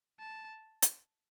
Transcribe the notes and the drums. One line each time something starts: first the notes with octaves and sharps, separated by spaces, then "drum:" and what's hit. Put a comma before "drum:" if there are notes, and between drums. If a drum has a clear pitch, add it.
A5
drum: hi-hat